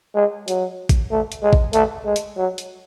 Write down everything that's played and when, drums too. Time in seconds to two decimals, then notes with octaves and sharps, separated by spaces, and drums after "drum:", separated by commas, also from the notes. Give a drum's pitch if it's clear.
0.15 G#3
0.48 F#3, drum: hi-hat
0.89 drum: kick A1, hi-hat
1.11 A3
1.32 drum: hi-hat
1.43 G#3
1.53 drum: kick A1
1.73 A3, drum: hi-hat
2.05 G#3
2.16 drum: hi-hat
2.37 F#3
2.58 drum: hi-hat